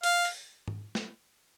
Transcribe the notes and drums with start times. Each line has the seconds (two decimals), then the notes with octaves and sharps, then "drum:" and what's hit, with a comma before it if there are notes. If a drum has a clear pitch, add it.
0.03 F5, drum: hi-hat
0.25 drum: open hi-hat
0.68 drum: tom G#2
0.95 drum: snare